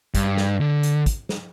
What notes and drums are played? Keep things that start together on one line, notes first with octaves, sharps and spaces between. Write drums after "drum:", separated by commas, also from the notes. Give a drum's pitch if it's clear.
G2, drum: kick, hi-hat
drum: snare
D3
drum: hi-hat
drum: kick, hi-hat
drum: snare